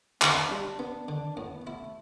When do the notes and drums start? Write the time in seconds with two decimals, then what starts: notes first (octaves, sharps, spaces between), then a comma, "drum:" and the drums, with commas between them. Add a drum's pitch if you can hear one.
0.22 D2 B3, drum: clap
0.36 D4
0.51 G3 D4
0.65 D4
0.79 B3 D4
1.08 D3 D4
1.37 A2 B3
1.67 A3 E4